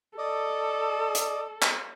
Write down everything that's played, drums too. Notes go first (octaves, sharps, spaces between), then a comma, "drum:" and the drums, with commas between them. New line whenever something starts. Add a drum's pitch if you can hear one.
A4 D5 D#5
drum: hi-hat
drum: clap